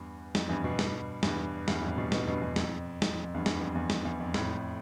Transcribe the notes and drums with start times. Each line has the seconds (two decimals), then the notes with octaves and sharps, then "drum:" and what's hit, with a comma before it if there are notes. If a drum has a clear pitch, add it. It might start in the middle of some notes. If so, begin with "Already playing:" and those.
Already playing: E2 G2
0.35 F2, drum: snare
0.49 E2 G2
0.64 G2 B2
0.79 drum: snare
1.23 E2 G2, drum: snare
1.68 E2 G2, drum: snare
1.82 F2 A2
1.98 G2 B2
2.12 G2 B2, drum: snare
2.27 G2 B2
2.42 E2 G2
2.56 F2, drum: snare
3.02 F2, drum: snare
3.13 F2
3.24 F2
3.34 E2 G2
3.46 E2 G2, drum: snare
3.61 F2
3.75 E2
3.90 F2, drum: snare
4.05 E2
4.20 F2
4.34 F2 A2, drum: snare